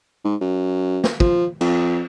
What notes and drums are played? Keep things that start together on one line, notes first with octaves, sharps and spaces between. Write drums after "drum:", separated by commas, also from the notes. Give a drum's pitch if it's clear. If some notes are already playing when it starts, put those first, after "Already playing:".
G#2
F#2
drum: snare
F3, drum: kick
F2, drum: cymbal